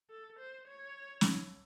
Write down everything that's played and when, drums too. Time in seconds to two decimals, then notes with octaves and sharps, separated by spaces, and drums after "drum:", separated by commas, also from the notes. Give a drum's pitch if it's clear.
0.10 A4
0.39 C5
0.68 C#5
1.21 drum: snare